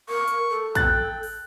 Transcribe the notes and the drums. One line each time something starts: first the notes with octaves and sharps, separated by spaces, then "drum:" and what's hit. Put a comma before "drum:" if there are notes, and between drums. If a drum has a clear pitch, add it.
A#4 C#6
drum: hi-hat
A4
G5 F#6 A6, drum: kick, hi-hat
drum: open hi-hat